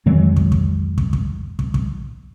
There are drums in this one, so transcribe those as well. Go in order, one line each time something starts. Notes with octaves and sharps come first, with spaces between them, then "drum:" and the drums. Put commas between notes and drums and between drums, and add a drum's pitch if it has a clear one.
F2 D#3 F#3 G#3
drum: kick
drum: kick
drum: kick
drum: kick
drum: kick
drum: kick